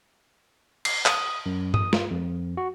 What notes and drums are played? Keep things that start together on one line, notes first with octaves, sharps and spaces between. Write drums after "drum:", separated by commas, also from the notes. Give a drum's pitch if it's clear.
C7, drum: cymbal
D#6, drum: clap
F#2
D#6, drum: tom G2
F4, drum: snare
F2
F#4